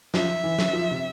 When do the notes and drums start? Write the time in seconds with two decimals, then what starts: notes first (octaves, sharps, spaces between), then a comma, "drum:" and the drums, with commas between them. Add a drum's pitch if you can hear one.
0.14 F3 E5, drum: snare
0.44 E3
0.59 drum: snare
0.73 F3
0.91 C3